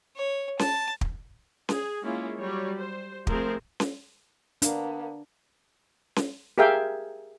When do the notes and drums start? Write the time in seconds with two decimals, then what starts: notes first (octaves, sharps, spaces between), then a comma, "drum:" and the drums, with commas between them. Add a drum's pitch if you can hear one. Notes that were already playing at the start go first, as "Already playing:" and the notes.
0.16 C#5
0.59 A5, drum: snare C#4
1.01 drum: kick
1.69 G#4, drum: snare C#4
2.02 G#3 A#3 C#4 E4 F4
2.39 F#3 G3 C#5
2.77 C5
3.27 F3 A3 C4 G#4 A#4 C5, drum: kick
3.80 drum: snare C#4
4.62 A#3 B3 D4, drum: hi-hat
6.16 drum: snare C#4
6.58 G4 G#4 A#4 E5 F5 G5